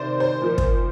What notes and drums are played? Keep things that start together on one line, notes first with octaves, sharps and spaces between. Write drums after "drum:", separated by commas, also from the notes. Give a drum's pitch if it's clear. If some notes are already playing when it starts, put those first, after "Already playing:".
Already playing: C3 D#3 C5 D5
C5
A#2 F3
drum: kick